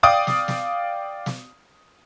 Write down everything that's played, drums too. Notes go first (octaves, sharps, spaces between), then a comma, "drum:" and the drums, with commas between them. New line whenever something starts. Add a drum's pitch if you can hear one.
D5 F5 G5 D6 D#6
drum: snare
drum: snare
drum: snare